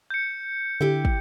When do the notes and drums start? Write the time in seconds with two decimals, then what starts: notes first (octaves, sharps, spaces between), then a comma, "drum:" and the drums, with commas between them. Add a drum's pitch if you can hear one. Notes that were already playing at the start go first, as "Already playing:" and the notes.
0.10 G6 C#7
0.81 D3 E4 G4
1.05 drum: kick